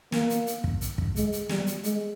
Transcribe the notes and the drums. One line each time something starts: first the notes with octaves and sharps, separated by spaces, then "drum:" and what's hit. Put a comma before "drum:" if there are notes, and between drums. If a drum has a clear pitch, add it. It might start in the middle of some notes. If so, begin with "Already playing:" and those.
A#3, drum: snare
drum: hi-hat
drum: hi-hat
drum: kick
drum: hi-hat
drum: kick
G#3, drum: hi-hat
drum: hi-hat
G3, drum: snare
drum: hi-hat
G#3, drum: hi-hat